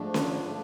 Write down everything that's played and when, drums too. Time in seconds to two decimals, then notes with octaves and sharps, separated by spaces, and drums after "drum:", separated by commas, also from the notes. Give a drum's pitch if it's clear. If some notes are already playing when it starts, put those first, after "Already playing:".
Already playing: G#2 F3 A3 D4
0.14 drum: snare C#4
0.45 F3 A3 D4